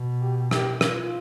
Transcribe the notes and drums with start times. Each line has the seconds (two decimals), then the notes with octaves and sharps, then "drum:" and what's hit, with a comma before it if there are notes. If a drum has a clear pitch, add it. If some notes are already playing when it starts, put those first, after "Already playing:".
Already playing: B2
0.21 G4
0.51 G4, drum: rim click
0.81 F4, drum: rim click